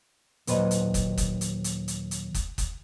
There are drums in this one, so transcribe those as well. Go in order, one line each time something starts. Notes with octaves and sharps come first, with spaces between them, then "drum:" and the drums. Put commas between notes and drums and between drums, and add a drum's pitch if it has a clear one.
D#2 A#2 F#3 B4 C5 D#5, drum: hi-hat
drum: hi-hat
drum: kick, hi-hat
drum: kick, hi-hat
drum: hi-hat
drum: hi-hat
drum: hi-hat
drum: hi-hat
drum: kick, hi-hat
drum: kick, hi-hat